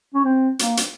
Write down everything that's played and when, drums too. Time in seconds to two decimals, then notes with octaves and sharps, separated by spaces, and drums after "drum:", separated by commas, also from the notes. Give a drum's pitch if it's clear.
0.14 C#4
0.24 C4
0.59 A#3, drum: hi-hat
0.77 drum: hi-hat